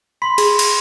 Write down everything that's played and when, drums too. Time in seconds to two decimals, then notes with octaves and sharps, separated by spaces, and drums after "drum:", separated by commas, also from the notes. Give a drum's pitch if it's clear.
0.22 B5 C6
0.38 G#4, drum: cymbal
0.59 drum: cymbal